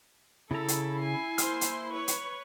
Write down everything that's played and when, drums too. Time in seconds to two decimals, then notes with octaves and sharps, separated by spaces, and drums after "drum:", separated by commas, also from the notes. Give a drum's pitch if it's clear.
0.51 C#3 E4 A4 A#5
0.68 drum: hi-hat
0.99 G#5 C7
1.38 A#3 C5 C6 F6, drum: hi-hat
1.61 drum: hi-hat
1.92 B4 C#5 C#6
2.08 drum: hi-hat